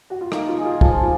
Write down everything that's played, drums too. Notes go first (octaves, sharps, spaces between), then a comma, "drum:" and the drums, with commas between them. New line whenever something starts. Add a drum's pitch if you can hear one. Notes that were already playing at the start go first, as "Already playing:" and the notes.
F#4
F4
A#3 D#4, drum: rim click
F4
D#4 G#4
F4
F3 F4, drum: kick
F4